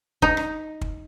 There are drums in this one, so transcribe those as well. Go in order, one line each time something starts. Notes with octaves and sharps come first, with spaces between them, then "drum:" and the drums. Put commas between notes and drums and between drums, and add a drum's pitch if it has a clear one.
D#4, drum: kick
drum: rim click
drum: kick